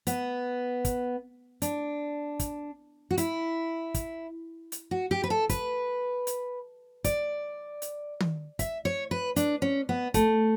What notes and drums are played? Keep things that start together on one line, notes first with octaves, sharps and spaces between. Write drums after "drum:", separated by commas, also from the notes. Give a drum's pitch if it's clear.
B3, drum: hi-hat
drum: kick, hi-hat
D4, drum: hi-hat
drum: kick, hi-hat
F#4
E4, drum: hi-hat
drum: kick, hi-hat
drum: hi-hat
F#4
G4
B4
A4
B4, drum: kick, hi-hat
drum: hi-hat
D5, drum: kick, hi-hat
drum: hi-hat
drum: tom D#3
E5, drum: kick, hi-hat
C#5
B4
D4, drum: hi-hat
C#4
B3
A3, drum: kick, hi-hat